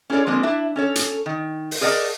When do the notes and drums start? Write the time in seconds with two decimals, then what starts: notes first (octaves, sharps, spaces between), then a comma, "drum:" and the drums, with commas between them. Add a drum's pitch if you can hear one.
0.10 C#4 E4 G#4 A4 C#5 D5
0.27 F3 G#3 A#3 C4 D4
0.43 D4 E4 E5
0.76 C#4 A4 C#5
0.95 drum: hi-hat
1.26 D#3
1.71 drum: open hi-hat
1.81 G#4 A#4 D5 D#5 F#5 A5